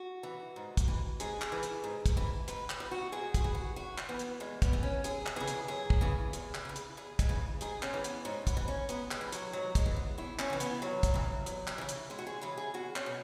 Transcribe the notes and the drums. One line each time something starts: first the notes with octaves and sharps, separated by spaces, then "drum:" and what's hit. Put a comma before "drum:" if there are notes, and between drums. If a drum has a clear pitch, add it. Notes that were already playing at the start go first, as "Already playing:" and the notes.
Already playing: F#4
E3
G#2
drum: kick, hi-hat
E3
G#2 G#4, drum: hi-hat
drum: clap
E3
drum: hi-hat
G#2
drum: kick, hi-hat
E3
G#2 B4, drum: hi-hat
drum: clap
E3
F#4
G#2 G#4
G#4, drum: kick, hi-hat
E3
F#4
E2 F#4
drum: clap
E3 B3
drum: hi-hat
E2 G#3
B3, drum: kick, hi-hat
E3
C#4
F#2 G#4, drum: hi-hat
drum: clap
C#3 E3 G#4
drum: hi-hat
F#2 G#4
drum: kick
C#3 E3
E2, drum: hi-hat
drum: clap
C#3 E3
drum: hi-hat
E2 G#4
G#3, drum: kick, hi-hat
C#3 E3
G#2 G#4, drum: hi-hat
C#4, drum: clap
E3
B3, drum: hi-hat
G#2 C#4
B3, drum: kick, hi-hat
E3
C#4
G#2 B3, drum: hi-hat
G#3, drum: clap
E3
F#3, drum: hi-hat
G#2 F#3
G#3, drum: kick, hi-hat
E3
B3
E2 E4
C#4, drum: clap
C#3 E3
B3, drum: hi-hat
E2 F#3
drum: kick, hi-hat
C#3 E3
E2, drum: hi-hat
drum: clap
C#3 E3
drum: hi-hat
E2 G#3
F#4
G#4
C#3 E3 B4
G#4
E2 F#4
C#4, drum: clap
B2